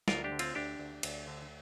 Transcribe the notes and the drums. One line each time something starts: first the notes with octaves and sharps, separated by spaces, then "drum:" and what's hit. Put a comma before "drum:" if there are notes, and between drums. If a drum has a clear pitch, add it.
D2 F4 A#4, drum: snare
D4 G4
D3
C4 F4, drum: cymbal
D2 D4 G4
D2
D2, drum: cymbal
D3